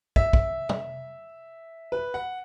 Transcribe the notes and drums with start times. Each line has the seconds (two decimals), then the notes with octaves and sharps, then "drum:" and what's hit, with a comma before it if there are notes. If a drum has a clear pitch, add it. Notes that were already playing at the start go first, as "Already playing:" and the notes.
0.16 E5, drum: kick
0.33 drum: kick
0.69 drum: tom
1.92 B4
2.14 F#5